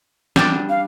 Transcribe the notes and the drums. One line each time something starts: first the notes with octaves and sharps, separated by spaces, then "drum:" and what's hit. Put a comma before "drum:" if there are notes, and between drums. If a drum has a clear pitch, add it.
G3 D4, drum: snare
F5